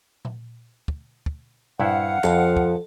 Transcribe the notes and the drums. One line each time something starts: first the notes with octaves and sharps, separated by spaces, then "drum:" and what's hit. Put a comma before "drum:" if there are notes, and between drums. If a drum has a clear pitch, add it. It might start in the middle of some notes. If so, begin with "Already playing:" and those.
drum: tom A#2
drum: kick
drum: kick
G2 E4 C5 F5 F#5, drum: tom A#2
F2 F3 A4, drum: clap
drum: kick